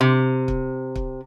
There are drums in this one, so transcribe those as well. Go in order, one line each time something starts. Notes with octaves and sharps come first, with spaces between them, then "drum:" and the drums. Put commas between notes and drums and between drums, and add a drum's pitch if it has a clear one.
C3
drum: kick
drum: kick